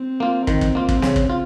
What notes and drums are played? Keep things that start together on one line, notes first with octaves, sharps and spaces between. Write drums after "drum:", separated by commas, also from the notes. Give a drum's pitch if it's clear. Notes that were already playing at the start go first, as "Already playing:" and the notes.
Already playing: C4
A#3 F4
D#3, drum: kick
drum: kick
A#3 F4
drum: kick
C#3, drum: snare
drum: kick
F4